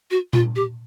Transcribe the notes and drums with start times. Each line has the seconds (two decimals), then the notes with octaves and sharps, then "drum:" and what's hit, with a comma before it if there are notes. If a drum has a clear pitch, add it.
0.11 F#4
0.33 F4, drum: tom A#2
0.56 G4